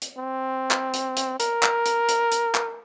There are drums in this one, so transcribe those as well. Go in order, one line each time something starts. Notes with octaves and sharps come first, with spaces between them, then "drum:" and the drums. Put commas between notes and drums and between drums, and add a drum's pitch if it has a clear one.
drum: hi-hat
C4
drum: clap
drum: hi-hat
drum: hi-hat
A#4, drum: hi-hat
drum: clap
drum: hi-hat
drum: hi-hat
drum: hi-hat
drum: clap